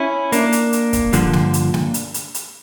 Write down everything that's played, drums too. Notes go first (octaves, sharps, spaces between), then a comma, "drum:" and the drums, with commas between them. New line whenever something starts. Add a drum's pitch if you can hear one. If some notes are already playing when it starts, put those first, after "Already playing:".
Already playing: C#4 E4
A#3 D4, drum: hi-hat
drum: hi-hat
drum: hi-hat
drum: kick, hi-hat
G2 D3 F3, drum: hi-hat
drum: snare
drum: hi-hat
drum: snare
drum: hi-hat
drum: hi-hat
drum: hi-hat